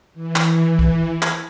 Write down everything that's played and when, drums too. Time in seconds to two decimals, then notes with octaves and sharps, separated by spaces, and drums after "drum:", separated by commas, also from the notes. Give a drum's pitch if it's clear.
0.14 E3
0.36 drum: clap
0.79 drum: kick C2
1.22 drum: clap